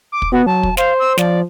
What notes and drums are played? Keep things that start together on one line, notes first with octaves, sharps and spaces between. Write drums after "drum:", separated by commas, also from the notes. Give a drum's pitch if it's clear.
D6
drum: kick
B3 F#4
F#3 A5
drum: kick
C5 F5, drum: snare
E6
F3 D5, drum: snare